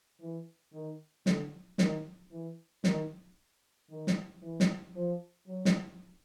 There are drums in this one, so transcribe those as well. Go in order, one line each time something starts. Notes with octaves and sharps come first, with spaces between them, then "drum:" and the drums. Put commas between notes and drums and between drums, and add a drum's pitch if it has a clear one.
E3
D#3
D3, drum: snare
D#3, drum: snare
E3
D#3, drum: snare
D#3
drum: snare
E3
drum: snare
F3
F#3
drum: snare